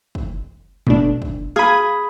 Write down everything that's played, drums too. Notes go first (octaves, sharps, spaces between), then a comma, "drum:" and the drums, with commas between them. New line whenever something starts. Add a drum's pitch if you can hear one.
drum: kick
B2 A3 D4, drum: kick
drum: kick
G#4 F5 B5 G#6 D#7